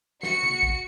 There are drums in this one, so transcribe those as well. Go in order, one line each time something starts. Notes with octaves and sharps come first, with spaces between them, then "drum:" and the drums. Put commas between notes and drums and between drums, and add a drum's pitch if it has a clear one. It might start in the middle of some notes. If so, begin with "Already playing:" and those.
F#4 C#7, drum: snare
drum: tom C3
drum: kick